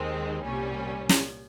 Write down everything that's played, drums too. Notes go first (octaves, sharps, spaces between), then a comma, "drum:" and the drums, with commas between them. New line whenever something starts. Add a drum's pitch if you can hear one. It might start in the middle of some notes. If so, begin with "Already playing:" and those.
Already playing: D#2 D#3 G#3 C4
C2 A#2 G3 C#4
drum: snare